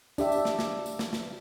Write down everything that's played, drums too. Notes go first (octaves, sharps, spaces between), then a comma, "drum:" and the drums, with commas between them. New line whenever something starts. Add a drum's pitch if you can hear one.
D4 G4 E5, drum: tambourine
drum: tambourine
drum: snare
drum: snare
drum: tambourine
drum: snare
drum: snare